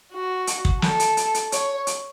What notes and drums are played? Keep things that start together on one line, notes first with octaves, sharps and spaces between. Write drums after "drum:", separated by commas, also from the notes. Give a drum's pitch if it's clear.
F#4
drum: hi-hat
drum: kick
A4, drum: snare
drum: hi-hat
drum: hi-hat
drum: hi-hat
C#5, drum: hi-hat
drum: hi-hat